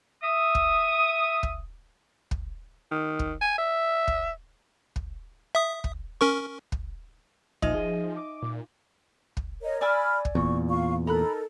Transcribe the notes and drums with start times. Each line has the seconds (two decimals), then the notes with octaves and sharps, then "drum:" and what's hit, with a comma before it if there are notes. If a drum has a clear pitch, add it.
0.23 E5 D#6
0.55 drum: kick
1.43 drum: kick
2.31 drum: kick
2.91 D#3
3.19 drum: kick
3.41 G#5
3.58 E5
4.08 drum: kick
4.96 drum: kick
5.55 E5 D#6
5.84 drum: kick
6.21 C#4 A#4 C#6
6.72 drum: kick
7.62 A#2 F3 D#4 D#5 E5, drum: kick
7.74 G#4
8.16 D6
8.42 A#2
9.37 drum: kick
9.62 A#4 C#5 D#5
9.81 D5 G#5 B5 E6 F6
10.25 drum: kick
10.35 E2 A#2 C#6
10.69 F4 F5 C#6
11.07 D#4 A4 A#4 A#5 B5 F#6